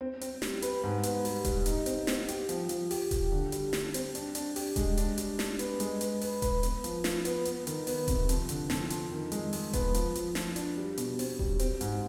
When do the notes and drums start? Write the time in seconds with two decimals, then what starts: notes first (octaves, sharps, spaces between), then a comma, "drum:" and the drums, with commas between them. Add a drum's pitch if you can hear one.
0.01 C4
0.21 C4, drum: hi-hat
0.42 G3, drum: snare
0.62 B4, drum: hi-hat
0.84 G#2
1.03 B3, drum: hi-hat
1.25 G3, drum: open hi-hat
1.45 G3, drum: kick D#1, hi-hat
1.66 D#4, drum: hi-hat
1.86 C4, drum: hi-hat
2.07 C4, drum: snare
2.28 G4, drum: hi-hat
2.49 F3, drum: hi-hat
2.69 F3, drum: hi-hat
2.91 G4, drum: open hi-hat
3.11 G4, drum: kick D#1, hi-hat
3.32 D3
3.52 G3, drum: hi-hat
3.73 G3, drum: snare
3.94 C4, drum: hi-hat
4.15 D4, drum: hi-hat
4.35 D4, drum: hi-hat
4.56 G4, drum: open hi-hat
4.76 G#3, drum: kick D#1, hi-hat
4.97 D4, drum: hi-hat
5.18 G3, drum: hi-hat
5.39 D4, drum: snare
5.59 B3, drum: hi-hat
5.80 G#3, drum: hi-hat
6.01 B4, drum: hi-hat
6.21 B4, drum: open hi-hat
6.42 B4, drum: kick D#1, hi-hat
6.63 B3, drum: hi-hat
6.84 F3, drum: hi-hat
7.04 F3, drum: snare
7.25 B3, drum: hi-hat
7.45 B3, drum: hi-hat
7.67 D#3, drum: hi-hat
7.87 B3, drum: open hi-hat
8.08 C3, drum: kick D#1, hi-hat
8.29 F2, drum: hi-hat
8.49 D3, drum: hi-hat
8.70 F2, drum: snare
8.90 F2, drum: hi-hat
9.12 D#3
9.32 G#3, drum: hi-hat
9.53 G#3, drum: open hi-hat
9.73 B3, drum: kick D#1, hi-hat
9.94 F3, drum: hi-hat
10.15 F3, drum: hi-hat
10.35 F3, drum: snare
10.56 D4, drum: hi-hat
10.78 G3
10.98 B2, drum: hi-hat
11.19 C4, drum: open hi-hat
11.39 G3, drum: kick D#1
11.59 C4, drum: hi-hat
11.81 G#2, drum: hi-hat